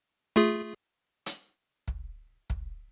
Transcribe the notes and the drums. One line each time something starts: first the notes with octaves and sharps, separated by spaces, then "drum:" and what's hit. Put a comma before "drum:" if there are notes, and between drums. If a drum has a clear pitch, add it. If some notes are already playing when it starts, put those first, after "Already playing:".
A3 F4 G#4
drum: hi-hat
drum: kick
drum: kick